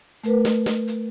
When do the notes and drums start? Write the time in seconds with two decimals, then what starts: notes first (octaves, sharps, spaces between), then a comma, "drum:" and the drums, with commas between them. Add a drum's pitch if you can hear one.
0.24 A3 A#4 B4, drum: hi-hat
0.45 drum: snare
0.66 drum: snare
0.88 drum: hi-hat